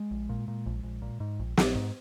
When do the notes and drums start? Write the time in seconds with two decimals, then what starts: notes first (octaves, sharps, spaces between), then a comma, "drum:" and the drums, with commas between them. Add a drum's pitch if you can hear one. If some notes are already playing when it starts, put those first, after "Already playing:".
Already playing: G#3
0.11 A#1
0.29 A#2
0.48 A#2
0.66 A#1
0.83 A#1
1.02 A#2
1.20 G#2
1.39 A#1
1.57 A#1, drum: snare
1.75 G#2